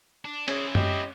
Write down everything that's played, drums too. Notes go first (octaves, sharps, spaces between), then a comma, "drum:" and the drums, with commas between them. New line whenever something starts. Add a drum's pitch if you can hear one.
D4
C4 C#4 E4 G#4 C#5, drum: cymbal
G4 D#5, drum: tom F#2